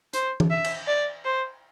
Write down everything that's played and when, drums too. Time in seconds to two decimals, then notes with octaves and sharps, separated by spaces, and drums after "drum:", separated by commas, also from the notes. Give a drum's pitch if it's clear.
0.13 C5, drum: hi-hat
0.40 drum: tom E3
0.50 E5
0.64 drum: cymbal
0.87 D5
1.25 C5